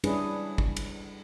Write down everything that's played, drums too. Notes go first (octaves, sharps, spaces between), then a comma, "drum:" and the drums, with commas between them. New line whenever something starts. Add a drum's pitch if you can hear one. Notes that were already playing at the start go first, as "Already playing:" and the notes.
G3 C#4 D4 E4 G#4 B4, drum: cymbal
drum: kick
drum: cymbal